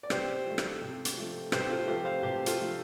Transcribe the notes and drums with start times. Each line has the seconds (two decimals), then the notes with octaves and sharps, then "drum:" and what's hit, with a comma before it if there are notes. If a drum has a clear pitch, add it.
0.03 D5
0.10 C3 G4 C5, drum: rim click
0.46 F3 A3
0.58 drum: rim click
0.81 C3
1.05 drum: hi-hat
1.17 F3 A3
1.52 C3 G4 C5, drum: rim click
1.70 F4 A4
1.87 F3 A3 G4 C5
2.05 C5 F5
2.22 C3 G4 C5
2.46 F4 A4, drum: hi-hat
2.58 F3 A3